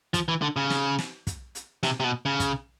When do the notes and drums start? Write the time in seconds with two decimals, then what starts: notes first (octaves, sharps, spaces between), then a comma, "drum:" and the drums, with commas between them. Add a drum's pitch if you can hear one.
0.14 F3, drum: kick, hi-hat
0.28 E3
0.42 D3
0.56 C#3
0.70 drum: snare
0.99 drum: snare
1.27 drum: kick, hi-hat
1.55 drum: hi-hat
1.83 C3, drum: snare
2.00 C3
2.04 B2
2.25 C#3
2.40 drum: kick, hi-hat